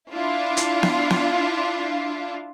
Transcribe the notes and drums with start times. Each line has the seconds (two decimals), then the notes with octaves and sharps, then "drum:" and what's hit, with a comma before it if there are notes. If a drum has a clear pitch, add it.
0.12 D4 E4 F4
0.57 drum: hi-hat
0.83 drum: snare B3
1.10 drum: snare B3